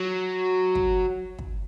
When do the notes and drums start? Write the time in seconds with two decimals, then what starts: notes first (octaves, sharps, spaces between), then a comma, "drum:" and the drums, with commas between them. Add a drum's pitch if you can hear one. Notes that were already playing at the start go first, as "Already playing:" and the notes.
Already playing: F#3
0.75 drum: kick
1.39 drum: kick